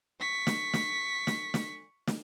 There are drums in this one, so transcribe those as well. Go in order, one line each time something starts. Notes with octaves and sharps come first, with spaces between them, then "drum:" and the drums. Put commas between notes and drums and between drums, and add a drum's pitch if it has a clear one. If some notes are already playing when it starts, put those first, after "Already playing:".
C#6 B6
drum: snare
drum: snare
drum: snare
drum: snare
drum: snare